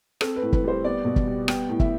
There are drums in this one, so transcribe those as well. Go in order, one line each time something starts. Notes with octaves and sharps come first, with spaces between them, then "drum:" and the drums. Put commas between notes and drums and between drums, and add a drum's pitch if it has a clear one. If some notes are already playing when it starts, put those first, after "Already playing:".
C4 A4, drum: rim click
B4
A2
B4, drum: kick
G3 C5
B3 D5
B2
drum: kick
G3
B3 G5, drum: rim click
A2
E5, drum: kick